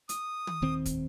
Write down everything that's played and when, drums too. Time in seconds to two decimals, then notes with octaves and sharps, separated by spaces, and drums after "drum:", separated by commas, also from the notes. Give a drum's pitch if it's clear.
0.09 D#6, drum: hi-hat
0.47 drum: tom
0.62 D#1 D#3 C4
0.86 drum: kick, hi-hat